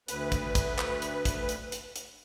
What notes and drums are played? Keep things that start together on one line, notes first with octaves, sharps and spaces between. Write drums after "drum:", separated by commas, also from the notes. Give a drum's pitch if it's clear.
D2 B4, drum: hi-hat
drum: kick, hi-hat
drum: kick, hi-hat
drum: clap
drum: hi-hat
drum: kick, hi-hat
drum: hi-hat
drum: hi-hat
drum: hi-hat